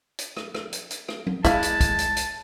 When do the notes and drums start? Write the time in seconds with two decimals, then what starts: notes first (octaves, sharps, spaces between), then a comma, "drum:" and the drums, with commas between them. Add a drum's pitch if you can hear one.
0.19 drum: hi-hat
0.37 drum: rim click
0.55 drum: rim click
0.73 drum: hi-hat
0.91 drum: hi-hat
1.09 drum: rim click
1.27 drum: tom
1.45 G#3 E4 E5 F5 A5, drum: kick B1, hi-hat
1.63 drum: hi-hat
1.81 drum: kick B1, hi-hat
1.99 drum: hi-hat
2.17 drum: hi-hat